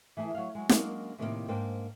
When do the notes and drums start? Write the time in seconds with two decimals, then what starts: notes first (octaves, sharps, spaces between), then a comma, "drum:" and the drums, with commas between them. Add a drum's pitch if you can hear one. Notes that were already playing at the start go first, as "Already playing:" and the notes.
0.17 E3 A3 E4 G#4
0.35 F#3 F5
0.55 F#3 G#3
0.69 F#3 G#3 A#3 C#4 D4, drum: snare
1.18 A2 C3 D#3 F3 A3 A#3
1.48 G#2 A#3 D4 C5 G5